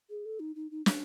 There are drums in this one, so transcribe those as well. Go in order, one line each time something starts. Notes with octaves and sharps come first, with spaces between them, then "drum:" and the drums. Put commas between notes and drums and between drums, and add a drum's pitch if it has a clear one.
G#4
A4
D#4
D#4
D#4
D4, drum: snare